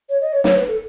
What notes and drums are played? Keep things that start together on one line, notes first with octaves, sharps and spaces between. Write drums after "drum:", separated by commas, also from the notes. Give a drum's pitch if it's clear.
C#5
D#5
C#5
C#5, drum: snare
B4
A4